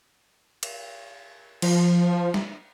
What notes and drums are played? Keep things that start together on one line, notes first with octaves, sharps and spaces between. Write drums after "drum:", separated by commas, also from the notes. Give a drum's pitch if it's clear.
drum: cymbal
F3, drum: cymbal
drum: snare